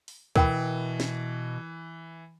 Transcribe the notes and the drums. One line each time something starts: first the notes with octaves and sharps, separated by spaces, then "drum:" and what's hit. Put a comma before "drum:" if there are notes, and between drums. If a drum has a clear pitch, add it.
drum: open hi-hat
B2 E3 A#4 G5 B5, drum: kick D2
drum: snare